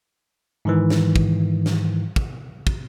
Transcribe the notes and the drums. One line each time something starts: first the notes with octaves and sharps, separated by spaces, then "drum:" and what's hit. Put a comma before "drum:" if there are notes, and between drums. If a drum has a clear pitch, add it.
G#2 D#3 E3
drum: snare
drum: kick
drum: snare
drum: kick
drum: kick